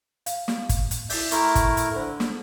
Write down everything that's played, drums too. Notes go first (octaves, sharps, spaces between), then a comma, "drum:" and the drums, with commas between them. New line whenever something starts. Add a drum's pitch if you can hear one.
F5, drum: hi-hat
drum: snare
drum: kick G1, hi-hat
drum: hi-hat
E4 D5 E5 G6, drum: open hi-hat
A3 E4 A#4 A#5 C6 C#6, drum: hi-hat
drum: kick G1, hi-hat
drum: hi-hat
D3 A4 C5
drum: snare